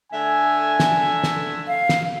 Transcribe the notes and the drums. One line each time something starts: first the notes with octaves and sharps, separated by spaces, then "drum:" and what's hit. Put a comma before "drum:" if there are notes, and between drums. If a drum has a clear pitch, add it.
D3 A3 E5 G#5
drum: snare
drum: snare
F5
drum: snare